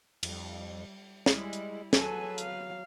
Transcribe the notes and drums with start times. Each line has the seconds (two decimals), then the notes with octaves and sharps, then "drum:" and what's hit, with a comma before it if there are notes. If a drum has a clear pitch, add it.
0.23 F2 G3, drum: cymbal
1.26 G3 G#3 E4, drum: snare
1.53 drum: hi-hat
1.93 F#3 G#4 A4 B4 G#5, drum: snare
2.38 F5, drum: hi-hat